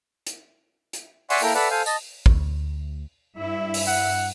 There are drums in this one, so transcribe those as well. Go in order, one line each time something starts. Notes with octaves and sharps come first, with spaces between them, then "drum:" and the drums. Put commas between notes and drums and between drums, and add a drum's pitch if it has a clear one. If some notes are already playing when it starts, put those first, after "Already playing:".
drum: hi-hat
drum: hi-hat
D5 E5 F#5 G#5 C6 C#6, drum: open hi-hat
A#3 E4 A4 A#4 G5
A4 B4 D5 E5 F#5
A4 C5 F5 G#5
D#5 A5, drum: tambourine
D2, drum: kick
G2 E4 E5
drum: open hi-hat
F#5